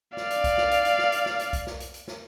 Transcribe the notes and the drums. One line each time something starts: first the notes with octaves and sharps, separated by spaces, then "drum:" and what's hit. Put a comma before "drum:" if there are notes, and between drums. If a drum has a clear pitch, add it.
D5 F5, drum: snare
drum: hi-hat
drum: kick B1, hi-hat
drum: snare
drum: hi-hat
drum: hi-hat
drum: snare
drum: hi-hat
drum: snare
drum: hi-hat
drum: kick B1, hi-hat
drum: snare
drum: hi-hat
drum: hi-hat
drum: snare